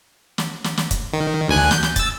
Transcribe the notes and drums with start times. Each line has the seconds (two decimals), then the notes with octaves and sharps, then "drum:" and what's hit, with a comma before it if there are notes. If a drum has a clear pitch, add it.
0.38 drum: snare
0.64 drum: snare
0.78 drum: snare
0.91 drum: kick, hi-hat
1.13 D#3
1.49 D2 G#5 F#6
1.71 G6, drum: snare
1.83 drum: snare
1.96 E6 A6, drum: kick, hi-hat